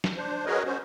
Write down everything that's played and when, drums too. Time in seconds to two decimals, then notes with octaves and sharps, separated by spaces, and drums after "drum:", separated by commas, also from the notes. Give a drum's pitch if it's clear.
0.04 drum: snare
0.17 D4 C5
0.46 F#4 G#4 A#4 B4 C#5 D#5
0.65 C#4 F#4 C5